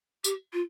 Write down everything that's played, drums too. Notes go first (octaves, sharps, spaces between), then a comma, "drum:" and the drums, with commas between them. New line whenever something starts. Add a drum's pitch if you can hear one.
G4, drum: tambourine
F4